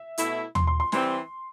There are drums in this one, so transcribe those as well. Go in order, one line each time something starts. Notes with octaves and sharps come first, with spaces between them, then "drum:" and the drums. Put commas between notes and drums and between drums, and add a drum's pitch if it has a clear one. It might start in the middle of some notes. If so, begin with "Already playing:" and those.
Already playing: E5
B2 A3 E4, drum: hi-hat
C6, drum: tom D#2
C6
C6
E3 G3 C4 C6, drum: snare